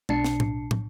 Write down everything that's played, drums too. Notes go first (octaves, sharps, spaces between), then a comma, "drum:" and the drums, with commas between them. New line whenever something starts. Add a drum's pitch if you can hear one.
B1 B2 D4 A5 C7 C#7, drum: tom
drum: snare
drum: tom
drum: tom